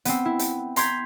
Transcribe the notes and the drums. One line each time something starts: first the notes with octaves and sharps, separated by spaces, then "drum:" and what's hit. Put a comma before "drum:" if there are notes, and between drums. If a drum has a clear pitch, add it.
B3 C4, drum: hi-hat
E4
drum: hi-hat
A#5 C6 G6 G#6 B6, drum: hi-hat